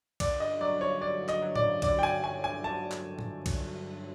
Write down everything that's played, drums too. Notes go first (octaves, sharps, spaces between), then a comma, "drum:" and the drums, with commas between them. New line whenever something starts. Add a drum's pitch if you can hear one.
D3 D5, drum: kick B1, cymbal
G2 D#5
F#3 D5
G2 C#5
D3 D5
G2
D#5, drum: clap
F#3
D5, drum: tom A2
G2
D3 D5, drum: kick B1, cymbal
G5
G2 G#5
F#3 G#5
G2 G#5
D3 A5
drum: clap
drum: tom G#2
drum: kick B1, cymbal